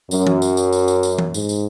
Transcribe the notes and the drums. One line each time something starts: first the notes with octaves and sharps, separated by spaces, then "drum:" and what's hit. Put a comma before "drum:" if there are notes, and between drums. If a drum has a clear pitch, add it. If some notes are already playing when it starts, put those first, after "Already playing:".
F#2, drum: tambourine
drum: tom E3
drum: tambourine
drum: tambourine
drum: tambourine
drum: tambourine
drum: tambourine
drum: tom E3
G#2, drum: tambourine
drum: tambourine